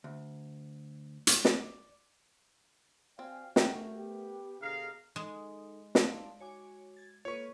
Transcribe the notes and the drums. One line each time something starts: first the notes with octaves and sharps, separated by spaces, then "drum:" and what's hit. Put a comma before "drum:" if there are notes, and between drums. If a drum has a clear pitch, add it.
D2
drum: hi-hat
D5, drum: snare
C4 F4 F#4 D5 F5 G5 G#5
C#3 A3 D4 E4 F#4 A#4 G5, drum: snare
B3 G4
B2 D3 G4 G#4 A#4 F5
G#3 D#4 A4
D#4 E4 D5 F5 A5 C6, drum: snare
F#4 C#5 G#5 D6
G#6 A6
A#3 F4 A4 B4 C#5 C#6 D#7